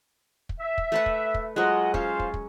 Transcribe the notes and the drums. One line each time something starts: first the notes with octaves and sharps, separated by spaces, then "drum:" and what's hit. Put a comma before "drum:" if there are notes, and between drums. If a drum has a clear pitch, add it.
drum: kick
E5
drum: kick
A3 B4 F#5
drum: kick
drum: kick
F#3 G#3 F4 D#5 F#5
C#4 F4 C5 F5, drum: kick
drum: kick
drum: kick